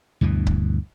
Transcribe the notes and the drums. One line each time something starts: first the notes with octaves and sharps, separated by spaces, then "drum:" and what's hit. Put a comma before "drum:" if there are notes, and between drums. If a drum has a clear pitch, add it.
D2 G2 B2 E3
drum: kick C#1